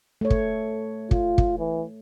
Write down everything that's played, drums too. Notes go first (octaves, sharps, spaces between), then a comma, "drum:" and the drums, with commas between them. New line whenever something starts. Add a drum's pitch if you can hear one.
A3 C#5
drum: kick
F4, drum: kick
drum: kick
E3